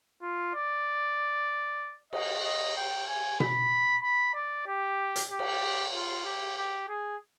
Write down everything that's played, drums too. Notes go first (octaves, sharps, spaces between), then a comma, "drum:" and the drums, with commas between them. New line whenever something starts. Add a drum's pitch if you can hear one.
F4
D5
D#5, drum: cymbal
D#5
G5
G#5
B5, drum: tom B2
B5
D5
G4
drum: hi-hat
G4
drum: cymbal
F4
G4
G4
G#4